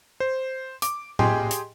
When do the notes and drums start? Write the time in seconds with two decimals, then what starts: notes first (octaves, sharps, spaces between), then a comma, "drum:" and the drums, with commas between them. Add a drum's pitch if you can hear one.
0.20 C5
0.82 D6, drum: hi-hat
1.19 G4 G#4 D#5 G5 G#5 C6, drum: tom A2
1.51 drum: hi-hat